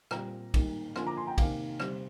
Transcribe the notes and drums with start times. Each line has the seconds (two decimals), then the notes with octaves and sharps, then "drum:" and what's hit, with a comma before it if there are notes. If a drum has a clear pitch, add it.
0.11 A#2 G3 C4 G5 A#5, drum: rim click
0.54 G#2 D#3 G3 A#3, drum: kick, cymbal
0.96 D3 F3 A#3 G#5 C6, drum: rim click
1.07 A#5 D6
1.16 G#5 C6
1.27 G5 A#5
1.38 C3 D#3 A#3 F5 G#5, drum: kick, cymbal
1.80 C3 G3 C4, drum: rim click